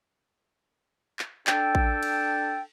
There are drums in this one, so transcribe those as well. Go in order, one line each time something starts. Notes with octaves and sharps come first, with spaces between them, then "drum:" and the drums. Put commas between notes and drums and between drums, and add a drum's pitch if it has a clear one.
drum: clap
D4 A4 G5, drum: clap
drum: kick A1
drum: cymbal